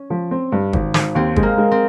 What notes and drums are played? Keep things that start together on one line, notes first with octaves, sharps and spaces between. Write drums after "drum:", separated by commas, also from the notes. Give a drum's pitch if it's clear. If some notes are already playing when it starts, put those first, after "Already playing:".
Already playing: C#4
F3
C4
G2
G#1, drum: kick
G#1, drum: snare
D#2 C4
G#3, drum: kick
A#3
G#3
C4